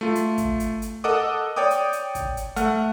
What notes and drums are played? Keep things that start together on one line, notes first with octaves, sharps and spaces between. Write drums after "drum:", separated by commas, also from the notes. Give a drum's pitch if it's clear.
A3 F4
drum: hi-hat
drum: kick, hi-hat
drum: hi-hat
drum: hi-hat
A4 A#4 D#5 F#5 D6 D#6
C#5 D5 G5 D6 D#6
drum: hi-hat
drum: hi-hat
drum: kick, hi-hat
drum: hi-hat
A3 F#5 F6, drum: hi-hat